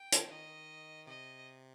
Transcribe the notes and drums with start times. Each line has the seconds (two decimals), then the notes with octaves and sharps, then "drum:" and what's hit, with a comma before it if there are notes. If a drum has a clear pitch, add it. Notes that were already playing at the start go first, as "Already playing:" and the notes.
Already playing: G5
0.12 D#3, drum: hi-hat
0.31 D#3 D#5
1.07 C3 D#5